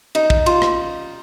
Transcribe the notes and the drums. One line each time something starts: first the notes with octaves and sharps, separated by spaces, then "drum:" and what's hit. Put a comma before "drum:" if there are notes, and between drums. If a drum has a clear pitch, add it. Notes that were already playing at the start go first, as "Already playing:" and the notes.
D#4, drum: cymbal
drum: kick
F4, drum: cymbal
drum: rim click